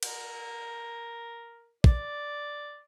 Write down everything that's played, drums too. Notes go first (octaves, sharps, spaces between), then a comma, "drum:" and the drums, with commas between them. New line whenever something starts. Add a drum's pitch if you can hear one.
A#4, drum: cymbal
D5, drum: kick